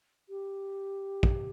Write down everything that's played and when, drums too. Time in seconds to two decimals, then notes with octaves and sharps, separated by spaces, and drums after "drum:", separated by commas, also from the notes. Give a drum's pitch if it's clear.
0.29 G4
1.23 drum: kick